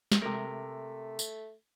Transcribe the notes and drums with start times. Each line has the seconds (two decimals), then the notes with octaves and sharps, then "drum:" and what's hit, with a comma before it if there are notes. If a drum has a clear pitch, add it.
0.12 drum: snare
0.22 C3 A3 A#4
1.19 drum: tambourine